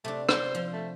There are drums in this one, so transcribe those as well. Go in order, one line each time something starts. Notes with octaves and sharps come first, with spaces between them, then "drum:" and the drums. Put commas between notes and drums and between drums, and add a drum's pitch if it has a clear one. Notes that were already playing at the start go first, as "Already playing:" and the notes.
C3 A3 D4
C5, drum: rim click
F3
A3